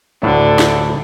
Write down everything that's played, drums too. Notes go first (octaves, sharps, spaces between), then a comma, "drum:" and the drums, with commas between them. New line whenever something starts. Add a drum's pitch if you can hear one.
D2 A2 D3
drum: snare